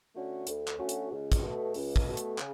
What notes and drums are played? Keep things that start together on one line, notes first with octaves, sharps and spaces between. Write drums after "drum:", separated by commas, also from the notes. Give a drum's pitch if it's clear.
D3 A3 C#4 F#4
D2, drum: hi-hat
drum: clap
D3 A3 C#4 F#4
drum: hi-hat
C#2
drum: kick, hi-hat
B2 A3
C#2, drum: open hi-hat
drum: kick
B2 A3
drum: hi-hat
C#3, drum: clap